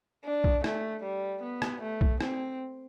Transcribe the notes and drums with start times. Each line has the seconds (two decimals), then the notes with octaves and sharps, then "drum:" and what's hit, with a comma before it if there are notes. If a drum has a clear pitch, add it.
0.25 D4
0.44 drum: kick
0.64 A3, drum: rim click
1.03 G3
1.42 B3
1.62 drum: rim click
1.82 A3
2.01 drum: kick
2.21 C4, drum: rim click